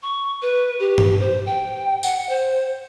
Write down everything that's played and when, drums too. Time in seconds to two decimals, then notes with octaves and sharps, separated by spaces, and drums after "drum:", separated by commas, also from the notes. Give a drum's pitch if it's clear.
0.03 C#6
0.42 B4
0.80 G4
0.98 drum: tom G2
1.20 C5
1.46 G5
2.03 F#5, drum: tambourine
2.29 C5